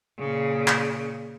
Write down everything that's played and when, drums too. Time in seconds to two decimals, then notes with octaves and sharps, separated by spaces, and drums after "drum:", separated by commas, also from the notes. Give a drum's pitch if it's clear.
0.19 A#2 C#3
0.67 drum: clap